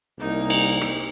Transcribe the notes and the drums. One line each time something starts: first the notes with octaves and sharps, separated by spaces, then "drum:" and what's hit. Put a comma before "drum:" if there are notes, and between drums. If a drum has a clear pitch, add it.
C2 A#3 D#4
drum: cymbal
drum: rim click